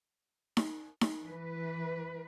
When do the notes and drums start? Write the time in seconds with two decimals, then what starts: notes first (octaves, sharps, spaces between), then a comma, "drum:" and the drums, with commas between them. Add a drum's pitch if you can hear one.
0.57 drum: snare D#4
1.01 drum: snare D#4
1.24 E3 B4